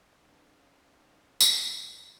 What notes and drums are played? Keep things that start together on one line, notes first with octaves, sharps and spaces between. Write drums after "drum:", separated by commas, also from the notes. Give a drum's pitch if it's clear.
B3 C#4 D#4 F5
drum: tambourine